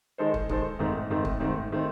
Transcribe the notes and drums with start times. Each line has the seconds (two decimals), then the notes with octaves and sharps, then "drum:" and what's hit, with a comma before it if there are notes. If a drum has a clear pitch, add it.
0.18 D#3 G#3 D#4 A4 C5
0.34 drum: kick
0.49 D#3 G#3 D#4 A4 C5, drum: kick
0.79 G#2 D#3 A3 C4
1.10 G#2 D#3 A3 C4
1.25 drum: kick
1.40 G#2 D#3 A3 C4
1.72 D#3 A3 C4